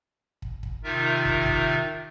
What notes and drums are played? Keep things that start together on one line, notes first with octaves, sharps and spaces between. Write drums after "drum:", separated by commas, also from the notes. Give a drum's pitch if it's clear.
drum: kick
drum: kick
C3 D#3 D#4 F4 A#4 E5
drum: kick
drum: kick